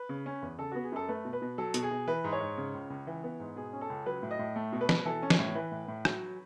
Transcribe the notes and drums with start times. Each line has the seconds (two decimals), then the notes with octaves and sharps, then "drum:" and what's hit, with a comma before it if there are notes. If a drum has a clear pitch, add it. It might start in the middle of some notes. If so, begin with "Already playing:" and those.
Already playing: B4
0.09 C#3
0.26 C#4
0.42 E2
0.59 C#3 A4
0.72 B3 F#4
0.84 G#4
0.92 F#2 A4
1.08 A3 B4
1.25 B2
1.33 B4
1.42 B2
1.58 F#3 A4
1.74 B2, drum: hi-hat
1.83 G#4
1.91 B2
2.07 E3 B4
2.24 G#2
2.32 C#5
2.41 G#2
2.58 C#3
2.74 C#2
2.90 C#2
3.07 E3
3.23 B3
3.40 G#2
3.56 B2 G#4
3.73 C#4
3.81 A4
3.90 C#2
4.06 F#3 B4
4.23 A2
4.31 D#5
4.39 A2
4.56 A3
4.73 B2
4.81 B4
4.89 B2, drum: snare
5.05 E3 A4
5.22 C#4
5.30 C#5, drum: snare
5.39 A2
5.55 E3 B4
5.72 A2
5.88 A2
6.05 F#3, drum: rim click